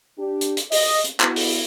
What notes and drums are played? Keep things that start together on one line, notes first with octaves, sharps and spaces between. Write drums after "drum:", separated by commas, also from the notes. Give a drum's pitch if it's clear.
D4 G4
drum: hi-hat
drum: hi-hat
D#5, drum: open hi-hat
drum: hi-hat
B3 E4 F#4, drum: clap
drum: open hi-hat